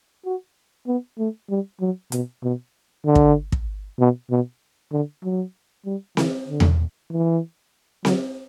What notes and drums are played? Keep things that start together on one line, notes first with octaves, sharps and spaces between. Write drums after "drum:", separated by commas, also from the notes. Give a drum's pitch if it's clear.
F#4
B3
A3
G3
F#3
B2, drum: hi-hat
B2
D3
drum: kick
drum: kick
B2
B2
D3
F#3
G3
E3, drum: snare C4
D3
drum: tom E2
E3
F#3, drum: snare C4